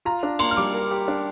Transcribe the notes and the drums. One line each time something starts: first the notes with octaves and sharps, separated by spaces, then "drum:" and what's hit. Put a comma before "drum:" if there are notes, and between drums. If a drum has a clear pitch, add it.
F4 A#5
D4
A#3 C6, drum: cymbal
F6
G3 D6
A#4
G4
D4